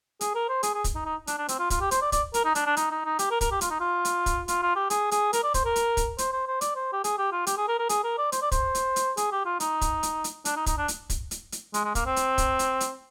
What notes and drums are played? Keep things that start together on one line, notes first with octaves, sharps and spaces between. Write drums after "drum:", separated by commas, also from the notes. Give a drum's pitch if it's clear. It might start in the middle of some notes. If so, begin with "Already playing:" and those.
G#4, drum: hi-hat
A#4
C5
G#4, drum: hi-hat
G#4
drum: kick, hi-hat
D#4
D#4
D4, drum: hi-hat
D4
C4, drum: hi-hat
F4
F4, drum: kick, hi-hat
G4
C5, drum: hi-hat
D5
D5, drum: kick, hi-hat
A#4, drum: hi-hat
D#4
D4, drum: hi-hat
D4
D#4, drum: hi-hat
D#4
D#4
G4, drum: hi-hat
A#4
A#4, drum: kick, hi-hat
G4
F4, drum: hi-hat
D#4
F4
drum: hi-hat
drum: kick, hi-hat
F4, drum: hi-hat
F4
G4
G#4, drum: hi-hat
G#4, drum: hi-hat
A#4, drum: hi-hat
D5
C5, drum: kick, hi-hat
A#4
drum: hi-hat
drum: kick, hi-hat
C5, drum: hi-hat
C5
C5
D5, drum: hi-hat
C5
G4
G#4, drum: hi-hat
G4
F4
G4, drum: hi-hat
G#4
A#4
A#4
G#4, drum: hi-hat
A#4
D5
C5, drum: hi-hat
D5
C5, drum: kick, hi-hat
drum: hi-hat
drum: hi-hat
G#4, drum: hi-hat
G4
F4
D#4, drum: hi-hat
drum: kick, hi-hat
drum: hi-hat
drum: hi-hat
D4, drum: hi-hat
D#4
D#4, drum: kick, hi-hat
D4
drum: hi-hat
drum: kick, hi-hat
drum: hi-hat
drum: hi-hat
G#3, drum: hi-hat
G#3
A#3, drum: kick, hi-hat
C4
drum: hi-hat
drum: kick, hi-hat
drum: hi-hat
drum: hi-hat